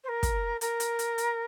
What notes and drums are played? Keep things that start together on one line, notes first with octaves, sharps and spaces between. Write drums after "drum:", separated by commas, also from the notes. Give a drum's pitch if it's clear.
C5
A#4
drum: kick, hi-hat
A#4, drum: hi-hat
drum: hi-hat
drum: hi-hat
drum: hi-hat